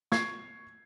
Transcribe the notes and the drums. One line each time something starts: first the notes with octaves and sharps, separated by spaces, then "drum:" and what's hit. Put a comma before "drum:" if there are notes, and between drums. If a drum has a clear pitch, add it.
C#6 G#6 C7, drum: snare